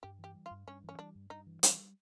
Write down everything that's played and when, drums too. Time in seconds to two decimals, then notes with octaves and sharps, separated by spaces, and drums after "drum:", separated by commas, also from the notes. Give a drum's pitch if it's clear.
0.03 G2 G4
0.19 E3
0.24 G4
0.34 G3
0.46 F4
0.51 G2
0.67 G2 C#4
0.84 E3
0.89 C#4
0.99 G3 D4
1.15 G2
1.30 G2 D#4
1.47 E3
1.63 G3, drum: hi-hat